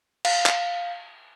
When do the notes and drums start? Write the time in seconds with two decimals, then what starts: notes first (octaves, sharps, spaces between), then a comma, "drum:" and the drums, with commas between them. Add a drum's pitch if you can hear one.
0.25 F5, drum: cymbal
0.46 drum: clap